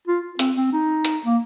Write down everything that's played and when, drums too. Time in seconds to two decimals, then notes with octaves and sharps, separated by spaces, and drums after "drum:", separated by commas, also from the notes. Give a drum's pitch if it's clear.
0.08 F4
0.39 C4, drum: hi-hat
0.56 C4
0.72 D#4
1.05 drum: hi-hat
1.26 A#3